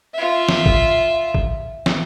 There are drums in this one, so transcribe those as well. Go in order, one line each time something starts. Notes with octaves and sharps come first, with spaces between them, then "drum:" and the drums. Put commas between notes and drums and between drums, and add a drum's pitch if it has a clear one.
F4 E5
drum: snare
drum: kick
drum: kick
drum: snare